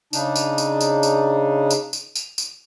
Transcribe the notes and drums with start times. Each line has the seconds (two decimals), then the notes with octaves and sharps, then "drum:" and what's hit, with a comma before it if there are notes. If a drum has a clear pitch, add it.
0.13 C#3 D4 D#4, drum: tambourine
0.36 drum: tambourine
0.58 drum: tambourine
0.81 drum: tambourine
1.03 drum: tambourine
1.70 drum: tambourine
1.93 drum: tambourine
2.15 drum: tambourine
2.38 drum: tambourine